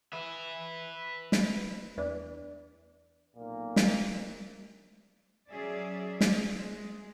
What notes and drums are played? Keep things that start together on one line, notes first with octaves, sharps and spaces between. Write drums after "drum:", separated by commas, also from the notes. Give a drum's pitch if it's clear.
B4 E5
drum: snare
E2 E3 D4
B1 A#2 A#3
drum: snare
F#3 C#4 G#4 D5 E5
drum: snare
G#3